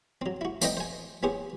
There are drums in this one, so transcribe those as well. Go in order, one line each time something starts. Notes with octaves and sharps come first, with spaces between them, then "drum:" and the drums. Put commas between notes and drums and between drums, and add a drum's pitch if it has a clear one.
F#3 C4
E4 F#4
A3 C4 D4 B4 D#5 G5, drum: tambourine
C5 G#5
B3 C#4 G4 G#4 C5